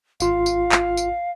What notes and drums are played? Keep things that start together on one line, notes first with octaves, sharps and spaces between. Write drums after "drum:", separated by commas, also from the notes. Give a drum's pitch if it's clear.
G#1 F4 F5, drum: tambourine
drum: tambourine
drum: clap
drum: tambourine